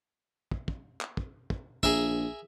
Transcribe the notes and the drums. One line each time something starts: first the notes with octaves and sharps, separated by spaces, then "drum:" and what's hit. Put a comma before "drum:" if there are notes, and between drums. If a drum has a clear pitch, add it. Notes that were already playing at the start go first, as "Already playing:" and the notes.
drum: kick
drum: kick
drum: clap
drum: kick
drum: kick
A#1 G#4 A#4 E5, drum: kick